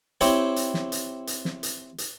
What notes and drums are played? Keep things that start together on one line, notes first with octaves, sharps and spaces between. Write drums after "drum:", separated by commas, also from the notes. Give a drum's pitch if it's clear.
C4 E4 G4 C#5, drum: hi-hat
drum: hi-hat
drum: snare
drum: hi-hat
drum: hi-hat
drum: snare
drum: hi-hat
drum: hi-hat